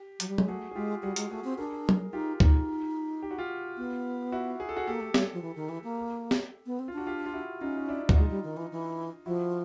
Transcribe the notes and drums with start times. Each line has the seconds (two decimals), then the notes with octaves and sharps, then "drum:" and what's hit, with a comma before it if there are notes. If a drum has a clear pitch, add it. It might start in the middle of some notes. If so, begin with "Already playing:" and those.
Already playing: G4
0.20 F#3, drum: hi-hat
0.29 G3
0.38 G#3, drum: tom F#3
0.48 A3 F#4 G#4
0.71 G#4
0.75 G#3 F4 G4
1.03 G3 F#4 G#4
1.16 G#3, drum: hi-hat
1.30 A3 F#4 G#4
1.44 C4
1.58 D4 G#4 A#4
1.89 drum: tom F#3
2.13 D#4 F4 G4
2.40 D#4, drum: kick D2
3.23 G4
3.31 F#4
3.38 F4 G4
3.77 B3
4.32 E4 F#4
4.60 G#4
4.69 A4
4.77 F#4 G#4
4.87 A#3 G4 A4
5.00 A3
5.14 G3, drum: snare
5.33 F3
5.42 E3
5.56 D#3
5.69 E3
5.84 A#3
6.31 drum: snare
6.66 B3
6.79 C4
6.88 F4
6.93 D4 F#4
7.07 F4 G4
7.26 F4
7.34 E4 F#4
7.61 C#4 D#4 F4
7.77 D#4
7.88 D4 E4
8.09 F#4, drum: kick D2
8.16 G#3 D#4 F4
8.30 G3
8.44 D#3
8.57 E3
8.71 E3
9.26 F3 E4 F#4